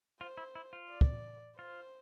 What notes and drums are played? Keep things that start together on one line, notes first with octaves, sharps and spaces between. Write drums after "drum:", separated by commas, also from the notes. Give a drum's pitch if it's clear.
F4 C5
E4
E4
F4
D5
drum: kick
F4 C5